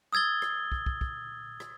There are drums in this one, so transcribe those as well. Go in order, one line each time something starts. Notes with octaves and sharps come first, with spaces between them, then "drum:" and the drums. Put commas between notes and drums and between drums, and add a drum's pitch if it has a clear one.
D#6 E6 G#6 A6 G7
drum: rim click
drum: kick
drum: kick
drum: kick
drum: rim click